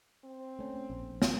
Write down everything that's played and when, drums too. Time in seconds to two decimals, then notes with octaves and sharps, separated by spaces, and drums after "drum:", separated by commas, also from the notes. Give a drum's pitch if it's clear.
0.25 C4
0.59 A3 C#4
0.90 A#1
1.22 drum: snare